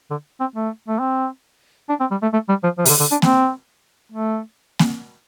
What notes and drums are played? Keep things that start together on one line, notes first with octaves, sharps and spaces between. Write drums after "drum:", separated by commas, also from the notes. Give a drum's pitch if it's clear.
D3
C4
A3
A3
C4
D4
C4
G3
A3
A3
G3
F3
F3
C3, drum: open hi-hat
D3
D3
D4
C4, drum: snare A#3
A3
drum: snare A#3